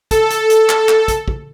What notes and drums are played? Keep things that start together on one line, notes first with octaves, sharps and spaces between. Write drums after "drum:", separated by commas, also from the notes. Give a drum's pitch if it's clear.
A4, drum: kick, hi-hat
drum: hi-hat
drum: hi-hat
drum: clap
drum: clap
drum: kick, hi-hat
drum: kick